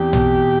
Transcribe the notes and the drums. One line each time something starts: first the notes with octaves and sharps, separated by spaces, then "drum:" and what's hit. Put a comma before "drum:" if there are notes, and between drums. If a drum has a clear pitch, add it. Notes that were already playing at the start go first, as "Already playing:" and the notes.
Already playing: E2 C4 G4
B2, drum: tom